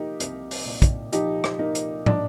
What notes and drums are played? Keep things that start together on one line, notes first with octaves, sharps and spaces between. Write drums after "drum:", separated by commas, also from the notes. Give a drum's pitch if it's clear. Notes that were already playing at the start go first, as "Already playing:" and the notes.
Already playing: F3 A#3 D#4 G4
C2, drum: hi-hat
drum: open hi-hat
A#2
drum: kick, hi-hat
F3 D#4 G4, drum: hi-hat
drum: rim click
A#3 D#4
drum: hi-hat
D4, drum: tom